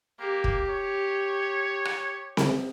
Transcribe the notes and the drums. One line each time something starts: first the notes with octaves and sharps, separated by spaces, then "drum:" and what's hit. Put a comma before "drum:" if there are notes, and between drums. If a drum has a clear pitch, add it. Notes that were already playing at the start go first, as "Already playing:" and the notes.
A#3 G4
drum: kick
C#5
drum: rim click
drum: snare C4